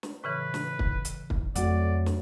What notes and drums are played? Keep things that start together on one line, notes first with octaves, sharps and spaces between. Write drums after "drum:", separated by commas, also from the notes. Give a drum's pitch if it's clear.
drum: snare
A2 C#3 E3 B4
drum: snare
drum: kick
drum: hi-hat
drum: kick
F2 F#3 A3 F#4 D5 F#5, drum: hi-hat
drum: snare